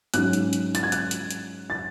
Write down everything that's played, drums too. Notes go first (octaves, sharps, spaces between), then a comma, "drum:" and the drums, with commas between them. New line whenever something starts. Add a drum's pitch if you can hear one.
G#2 F#3 C#4 F#6, drum: hi-hat
drum: hi-hat
drum: hi-hat
A6, drum: hi-hat
G#6
F#6, drum: hi-hat
drum: hi-hat
drum: hi-hat
A6